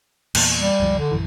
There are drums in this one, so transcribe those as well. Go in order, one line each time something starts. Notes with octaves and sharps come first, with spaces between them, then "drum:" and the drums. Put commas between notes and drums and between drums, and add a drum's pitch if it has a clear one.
E2 A#2, drum: cymbal
G3
F#1 C#2 F3
D3
A#1 F#2 E3